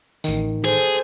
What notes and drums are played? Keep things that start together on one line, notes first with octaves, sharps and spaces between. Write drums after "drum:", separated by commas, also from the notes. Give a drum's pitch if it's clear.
A1 D#3, drum: tambourine
G#4 A4 C5